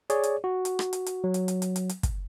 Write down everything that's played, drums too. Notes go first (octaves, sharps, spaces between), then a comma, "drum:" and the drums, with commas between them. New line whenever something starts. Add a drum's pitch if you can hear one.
G#4 C#5 D5, drum: hi-hat
drum: hi-hat
F#4
drum: hi-hat
drum: rim click
drum: hi-hat
drum: hi-hat
F#3
drum: hi-hat
drum: hi-hat
drum: hi-hat
drum: hi-hat
drum: hi-hat
drum: kick, hi-hat